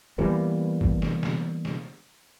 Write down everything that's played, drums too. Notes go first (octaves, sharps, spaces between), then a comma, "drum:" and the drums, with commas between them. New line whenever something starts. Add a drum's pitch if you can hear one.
E3 G3 A#3 B3
drum: kick
drum: snare
drum: snare
drum: snare